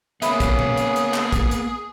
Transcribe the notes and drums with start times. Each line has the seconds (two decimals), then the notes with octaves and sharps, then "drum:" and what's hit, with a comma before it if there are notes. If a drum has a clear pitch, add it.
0.22 C#3 A#3 B3 G#4 E5 B5, drum: hi-hat
0.40 drum: kick, hi-hat
0.59 drum: tom
0.77 drum: hi-hat
0.96 drum: hi-hat
1.14 drum: clap
1.32 drum: kick, hi-hat
1.51 drum: hi-hat